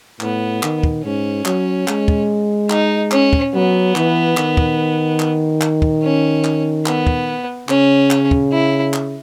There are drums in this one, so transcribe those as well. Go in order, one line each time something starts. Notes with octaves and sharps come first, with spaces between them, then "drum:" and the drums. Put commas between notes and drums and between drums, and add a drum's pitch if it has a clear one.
A2 B3, drum: clap
D#3, drum: clap
drum: kick
G#2 C#4
F#3, drum: clap
G#3, drum: clap
drum: kick
D#4, drum: clap
C#4, drum: clap
drum: kick
F#3 B3
E3, drum: clap
D#3, drum: clap
drum: kick
drum: clap
drum: clap
drum: kick
C#4
drum: clap
B3, drum: clap
drum: kick
C#3 C#4, drum: clap
drum: clap
drum: kick
E4
drum: clap